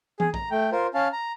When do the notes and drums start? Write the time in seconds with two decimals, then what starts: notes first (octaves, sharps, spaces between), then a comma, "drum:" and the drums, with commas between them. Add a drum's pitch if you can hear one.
0.20 G#4, drum: tom E3
0.34 A#5, drum: kick
0.51 A3 G5
0.72 F4 A#4 C5
0.94 C#4 F5 A5
1.13 A#5